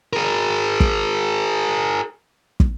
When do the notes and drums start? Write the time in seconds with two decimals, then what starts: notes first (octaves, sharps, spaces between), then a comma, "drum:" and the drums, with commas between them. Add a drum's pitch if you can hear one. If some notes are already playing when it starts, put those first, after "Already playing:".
0.13 G#4 A#4
0.80 drum: kick
2.60 drum: kick